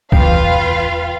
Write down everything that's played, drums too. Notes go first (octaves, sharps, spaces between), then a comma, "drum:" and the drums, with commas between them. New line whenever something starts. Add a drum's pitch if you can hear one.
E2 F4 B4 F5 G5, drum: kick